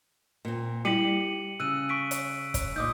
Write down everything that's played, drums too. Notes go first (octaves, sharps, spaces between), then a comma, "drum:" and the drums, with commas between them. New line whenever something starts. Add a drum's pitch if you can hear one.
A#2 C4
G3 E4 G4 C#7 D#7 F#7
C#3 E6 F#6 D#7
C#6 B6 D7
drum: hi-hat
drum: kick, hi-hat
A#2 D#4 D6 D#6 G6